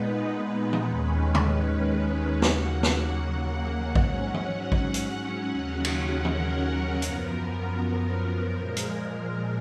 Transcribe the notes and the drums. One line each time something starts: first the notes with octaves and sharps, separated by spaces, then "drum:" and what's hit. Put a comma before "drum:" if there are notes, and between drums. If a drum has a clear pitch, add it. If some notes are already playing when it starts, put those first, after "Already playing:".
Already playing: A#2 G#3 B3 D#4 B4
drum: tom E3
D#2 D#3 G#3 C#4
drum: tom
D#2 C#3 F#3 A#3 F#5, drum: snare
drum: snare
G#2 F#3 C#4, drum: kick A1
drum: tom E3
F#5, drum: kick A1
drum: hi-hat
D#2 C#3 F#3 C#4
drum: cymbal
A#4, drum: tom E3
F#2 F3 B3, drum: hi-hat
A#4
A#2 F3 G#3
drum: hi-hat